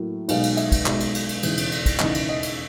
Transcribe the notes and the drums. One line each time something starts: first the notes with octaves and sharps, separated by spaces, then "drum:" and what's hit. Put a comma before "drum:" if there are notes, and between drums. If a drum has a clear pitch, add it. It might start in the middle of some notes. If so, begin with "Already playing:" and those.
Already playing: A2 F#3 A#3
B1 B2 G#3 F5, drum: cymbal
drum: cymbal
E5, drum: cymbal
drum: kick, cymbal
B1 B2 G#3, drum: clap
drum: cymbal
drum: cymbal
drum: cymbal
E1 D#2 C#3 E3, drum: cymbal
drum: cymbal
drum: cymbal
drum: kick, cymbal
E1 D#2 C#3 E3 D#5, drum: clap
drum: cymbal
D#5
drum: cymbal